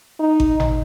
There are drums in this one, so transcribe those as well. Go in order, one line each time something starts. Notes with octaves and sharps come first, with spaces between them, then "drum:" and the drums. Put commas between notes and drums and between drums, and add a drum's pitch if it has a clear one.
D#4
drum: kick G#1
drum: tom G#1